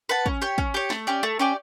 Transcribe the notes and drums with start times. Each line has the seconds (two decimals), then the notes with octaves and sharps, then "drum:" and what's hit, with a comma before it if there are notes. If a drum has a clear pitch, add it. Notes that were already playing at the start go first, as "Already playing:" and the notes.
0.09 B4 F#5 A5
0.26 C#4, drum: kick
0.42 G4 C#5
0.58 C#4, drum: kick
0.74 G4 C#5
0.90 A3, drum: snare
1.07 C#4 G4 D5
1.23 A3
1.39 C#4 G4 D5